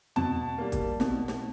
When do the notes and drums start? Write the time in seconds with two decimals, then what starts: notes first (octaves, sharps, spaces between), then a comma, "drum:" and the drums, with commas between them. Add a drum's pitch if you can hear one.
0.16 B2 A5, drum: tom E2
0.58 G3 A#3
0.72 drum: kick, hi-hat
1.00 B2, drum: snare
1.28 drum: snare